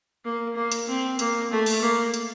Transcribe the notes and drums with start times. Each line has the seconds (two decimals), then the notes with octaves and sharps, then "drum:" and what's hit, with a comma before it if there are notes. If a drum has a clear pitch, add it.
0.25 A#3
0.56 A#3
0.72 drum: hi-hat
0.87 C4
1.19 A#3, drum: hi-hat
1.51 A3
1.66 drum: open hi-hat
1.81 A#3
2.14 drum: hi-hat